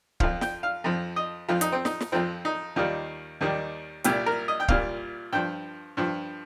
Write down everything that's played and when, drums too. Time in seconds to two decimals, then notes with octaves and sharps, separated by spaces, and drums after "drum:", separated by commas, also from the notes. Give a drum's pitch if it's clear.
0.20 F2 F3 F5, drum: kick
0.41 G5, drum: snare
0.63 F5
0.84 F2 F3
1.16 D#5
1.48 F2 F3 F4
1.61 D#4, drum: hi-hat
1.72 C4
1.85 D#4, drum: snare
2.01 drum: snare
2.12 F2 F3 C4
2.45 D#4
2.76 D#2 D#3 G3 F4
3.41 D#2 D#3 G3
4.04 C2 A#2 G3 G4, drum: hi-hat
4.26 A#4
4.48 D#5
4.60 G5
4.68 C2 A#2 G3 F5, drum: kick
5.33 G2 F3 G5
5.97 G2 F3